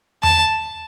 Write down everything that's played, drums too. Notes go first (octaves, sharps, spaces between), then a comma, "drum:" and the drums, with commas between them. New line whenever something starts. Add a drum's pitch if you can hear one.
A5, drum: tom E2